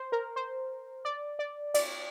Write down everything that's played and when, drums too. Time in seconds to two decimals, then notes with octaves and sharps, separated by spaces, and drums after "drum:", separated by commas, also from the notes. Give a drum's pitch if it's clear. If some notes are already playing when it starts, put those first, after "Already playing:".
Already playing: C5
0.12 A#4
0.36 C5
1.05 D5
1.39 D5
1.74 D5, drum: cymbal